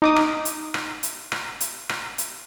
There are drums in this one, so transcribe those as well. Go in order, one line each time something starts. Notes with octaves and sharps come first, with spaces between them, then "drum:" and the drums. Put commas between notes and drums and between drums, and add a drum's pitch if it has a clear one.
D#4 D6 D#6
drum: rim click
drum: hi-hat
drum: rim click
drum: hi-hat
drum: rim click
drum: hi-hat
drum: rim click
drum: hi-hat